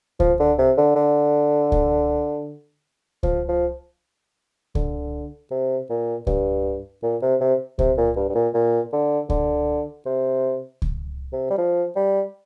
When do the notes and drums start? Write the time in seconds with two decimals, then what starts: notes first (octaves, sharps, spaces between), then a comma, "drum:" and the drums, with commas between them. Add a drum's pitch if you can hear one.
0.20 F3, drum: kick C#2
0.40 D3
0.58 C3
0.77 D3
0.95 D3
1.72 drum: kick C#2
3.23 F3, drum: kick C#2
3.48 F3
4.75 D3, drum: kick C#2
5.51 C3
5.89 A#2
6.27 G2, drum: kick C#2
7.03 A#2
7.22 C3
7.40 C3
7.79 C3, drum: kick C#2
7.97 A#2
8.16 G2
8.30 G2
8.35 A#2
8.54 A#2
8.93 D3
9.30 D3, drum: kick C#2
10.06 C3
10.82 drum: kick C#2
11.33 C3
11.50 G3
11.58 F3
11.96 G3